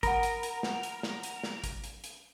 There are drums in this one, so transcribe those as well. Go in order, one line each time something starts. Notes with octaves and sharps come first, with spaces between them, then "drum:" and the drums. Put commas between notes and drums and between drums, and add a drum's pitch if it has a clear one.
A#4 F#5 B5, drum: kick G#1, hi-hat
drum: hi-hat
drum: hi-hat
drum: snare
drum: hi-hat
drum: snare
drum: hi-hat
drum: snare
drum: kick G#1, hi-hat
drum: hi-hat
drum: hi-hat